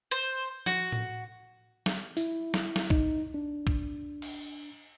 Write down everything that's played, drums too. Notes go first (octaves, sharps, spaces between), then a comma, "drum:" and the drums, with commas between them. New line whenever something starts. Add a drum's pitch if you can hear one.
C5
F#4, drum: tom F3
drum: tom A2
drum: snare
E4, drum: open hi-hat
drum: snare
drum: snare
D#4, drum: kick
D4
drum: kick
drum: cymbal